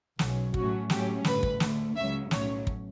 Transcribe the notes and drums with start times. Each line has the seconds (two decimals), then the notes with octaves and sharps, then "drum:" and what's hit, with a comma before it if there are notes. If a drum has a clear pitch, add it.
0.19 B1 B2 F#3 C#4, drum: snare
0.54 A2 F#3 A3 C#4 F#4, drum: kick
0.90 A2 F#3 A3 C#4 G4, drum: snare
1.24 A1 G2 D3 B4, drum: snare
1.43 drum: kick
1.60 D2 D3 A3, drum: snare
1.96 C#2 C#3 F#3 C#4 E5
2.31 B1 A2 F#3 A3 C#4 C#5, drum: snare
2.67 drum: kick